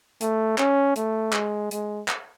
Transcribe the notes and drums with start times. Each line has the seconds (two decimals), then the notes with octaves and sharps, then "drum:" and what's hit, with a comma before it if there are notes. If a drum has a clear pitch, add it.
0.21 A3, drum: hi-hat
0.58 C#4, drum: clap
0.96 A3, drum: hi-hat
1.33 G#3, drum: clap
1.71 G#3, drum: hi-hat
2.08 drum: clap